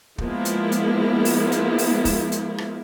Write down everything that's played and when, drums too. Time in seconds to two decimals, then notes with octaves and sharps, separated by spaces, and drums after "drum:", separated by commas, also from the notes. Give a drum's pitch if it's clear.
0.18 F3 G#3 A#3 B3 E4, drum: kick
0.45 drum: hi-hat
0.72 drum: hi-hat
1.25 drum: open hi-hat
1.52 drum: hi-hat
1.78 drum: open hi-hat
2.05 drum: kick, open hi-hat
2.32 drum: hi-hat
2.58 drum: rim click